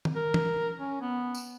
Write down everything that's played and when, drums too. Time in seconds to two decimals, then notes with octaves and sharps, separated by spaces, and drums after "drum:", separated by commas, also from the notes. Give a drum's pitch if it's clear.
0.05 drum: tom
0.16 A#4
0.34 drum: tom
0.80 C#4
1.01 B3
1.35 drum: tambourine